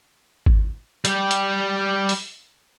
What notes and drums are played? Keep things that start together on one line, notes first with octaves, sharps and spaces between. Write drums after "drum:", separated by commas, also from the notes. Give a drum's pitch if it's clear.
drum: kick G#1
G3 G4, drum: hi-hat
drum: hi-hat
drum: open hi-hat